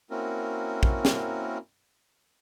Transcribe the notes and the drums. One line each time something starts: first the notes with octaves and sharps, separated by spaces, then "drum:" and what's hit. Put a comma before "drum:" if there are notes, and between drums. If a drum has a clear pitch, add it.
A#3 C4 C#4 E4 F#4 A#4
drum: kick
drum: snare